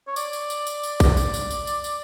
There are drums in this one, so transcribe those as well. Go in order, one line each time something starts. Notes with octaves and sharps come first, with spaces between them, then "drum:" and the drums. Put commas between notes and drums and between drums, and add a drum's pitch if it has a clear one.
C#5
D5, drum: tambourine
drum: tambourine
drum: tambourine
drum: tambourine
drum: tambourine
drum: kick A#1, tambourine
drum: tambourine
drum: tambourine
drum: tambourine
drum: tambourine
drum: tambourine